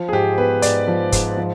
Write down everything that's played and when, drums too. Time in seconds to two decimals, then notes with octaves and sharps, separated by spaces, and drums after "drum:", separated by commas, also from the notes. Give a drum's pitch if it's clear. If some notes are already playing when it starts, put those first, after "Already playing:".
Already playing: F3
0.09 G#4
0.12 G#2 G4
0.38 B3 B4
0.62 G#2 D5, drum: hi-hat
0.88 F3
1.12 G#2, drum: kick F#1, hi-hat
1.37 F3